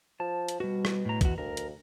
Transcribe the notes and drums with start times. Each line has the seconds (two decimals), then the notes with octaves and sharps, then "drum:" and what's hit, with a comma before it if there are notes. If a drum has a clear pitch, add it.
0.20 F3 A5
0.49 drum: hi-hat
0.60 B2 G3 F#4
0.85 drum: rim click
1.05 A2 A#5
1.21 E2 F#4, drum: kick, hi-hat
1.38 D2 A#4
1.57 drum: hi-hat